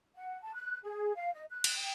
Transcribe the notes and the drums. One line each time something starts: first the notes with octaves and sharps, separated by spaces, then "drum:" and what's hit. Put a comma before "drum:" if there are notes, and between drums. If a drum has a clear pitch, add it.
F#5
A5
F#6
G#4
F5
D#5
F#6
drum: cymbal
G5